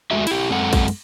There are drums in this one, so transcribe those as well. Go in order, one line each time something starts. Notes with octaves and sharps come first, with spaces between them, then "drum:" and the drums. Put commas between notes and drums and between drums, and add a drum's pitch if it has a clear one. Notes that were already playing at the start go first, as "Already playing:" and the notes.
G#3 A3 F#4 E5
E4 G4, drum: cymbal
F#2 G#3 C4 A4 F#5
drum: kick A#1, cymbal
drum: cymbal